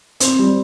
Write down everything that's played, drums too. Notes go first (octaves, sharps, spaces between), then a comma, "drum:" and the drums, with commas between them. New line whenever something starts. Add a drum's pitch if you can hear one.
C4, drum: hi-hat
G3